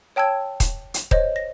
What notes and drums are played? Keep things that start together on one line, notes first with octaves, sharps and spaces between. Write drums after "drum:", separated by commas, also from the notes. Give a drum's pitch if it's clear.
C#5 G5 A5 E6 G#6
drum: kick D#1, hi-hat
drum: hi-hat
C5 C#5 D#5, drum: kick D#1
A#6